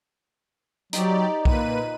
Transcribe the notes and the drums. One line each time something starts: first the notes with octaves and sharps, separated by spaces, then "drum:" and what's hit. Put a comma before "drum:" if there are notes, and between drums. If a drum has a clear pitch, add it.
F#3 D#4 G4 C5 D5, drum: hi-hat
A#2 A#3 B4 D#7, drum: kick B1